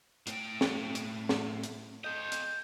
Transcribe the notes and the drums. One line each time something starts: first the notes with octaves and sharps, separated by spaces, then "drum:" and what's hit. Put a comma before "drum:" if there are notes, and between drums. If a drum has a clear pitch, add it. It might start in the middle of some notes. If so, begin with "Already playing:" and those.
A2 G5, drum: hi-hat
drum: snare
drum: hi-hat
drum: snare
drum: hi-hat
A4 D#5 G6
drum: hi-hat